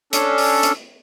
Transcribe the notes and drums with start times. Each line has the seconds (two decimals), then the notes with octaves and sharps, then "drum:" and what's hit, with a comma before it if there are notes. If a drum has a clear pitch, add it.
0.13 C#4 D4 A4, drum: hi-hat
0.38 drum: open hi-hat
0.63 drum: hi-hat